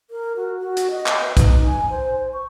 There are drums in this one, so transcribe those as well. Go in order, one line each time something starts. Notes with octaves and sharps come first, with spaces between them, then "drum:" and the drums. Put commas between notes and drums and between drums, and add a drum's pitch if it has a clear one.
A#4
F#4
F#4
drum: hi-hat
D#5
drum: clap
B4
D#4, drum: kick, hi-hat
G#5
C5
C5
C#6